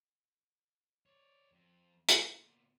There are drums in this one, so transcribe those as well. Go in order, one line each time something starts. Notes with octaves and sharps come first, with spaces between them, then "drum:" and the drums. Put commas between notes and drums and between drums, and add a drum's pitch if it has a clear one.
C#5 D5
F2
A#2 B3, drum: hi-hat